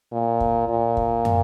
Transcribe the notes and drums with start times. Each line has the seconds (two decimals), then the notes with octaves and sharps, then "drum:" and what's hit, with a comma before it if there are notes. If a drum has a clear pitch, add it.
0.12 A#2
0.40 drum: kick
0.69 A#2
0.97 drum: kick
1.25 drum: tom